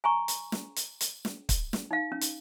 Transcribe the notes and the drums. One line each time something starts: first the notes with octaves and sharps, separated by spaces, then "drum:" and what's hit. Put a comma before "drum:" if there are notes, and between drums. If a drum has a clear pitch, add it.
G#5 A#5 C#6
drum: hi-hat
drum: snare
drum: hi-hat
drum: hi-hat
drum: snare
drum: kick, hi-hat
drum: snare
D#4 F5
C#4
drum: hi-hat